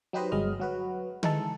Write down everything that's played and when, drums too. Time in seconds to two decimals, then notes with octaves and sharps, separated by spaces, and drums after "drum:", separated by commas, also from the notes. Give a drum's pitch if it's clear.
0.13 F#3 D#4 G4 B4 C5 D#5
0.32 G1 F#3 G#3 D#5 F6
0.60 F#3 F#4 B4
1.23 E3 G#3 D#4 A4, drum: tom D3